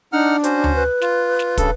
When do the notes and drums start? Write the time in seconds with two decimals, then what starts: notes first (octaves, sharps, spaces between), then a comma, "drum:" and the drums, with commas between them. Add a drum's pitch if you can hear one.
0.13 D4 D#4 F#5 F6
0.44 C#4 F#4 C5, drum: hi-hat
0.64 drum: tom D2
0.76 B4
1.01 F4, drum: snare
1.39 drum: snare
1.57 G2 C#3 A4, drum: kick, hi-hat